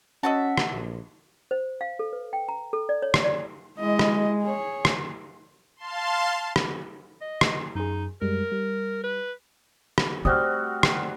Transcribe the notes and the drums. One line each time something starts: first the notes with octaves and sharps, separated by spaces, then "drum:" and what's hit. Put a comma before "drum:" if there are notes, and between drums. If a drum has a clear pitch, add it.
C#4 F#4 D#5 E5 F#5 A5
drum: rim click
A#1
C5
F5
A4
B4
G5
A#5
A4
D5
C#5
drum: rim click
D5
G#3 E4 D#5
drum: rim click
G#4 C#5
drum: rim click
F5 A5 C6
drum: rim click
D#5
drum: rim click
F#2 D#4 G#4
F#2 G3 G#3 A#4
G3
B4
drum: rim click
G3 A3 C4 F#4 D#6 F6
drum: rim click